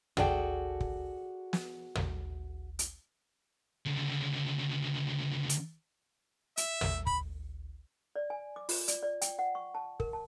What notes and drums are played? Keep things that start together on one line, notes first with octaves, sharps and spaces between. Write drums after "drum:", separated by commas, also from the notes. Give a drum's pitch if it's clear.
F#4 G#4 A4 D5 F#5 G5, drum: tom
drum: kick
drum: snare
drum: tom
drum: hi-hat
C#2 D3
drum: hi-hat
E5, drum: hi-hat
drum: tom
B5, drum: kick
D5
G#5
D6
F4, drum: open hi-hat
D5, drum: hi-hat
D5
G5, drum: hi-hat
F#5
C#6
A5
A#4, drum: kick
A5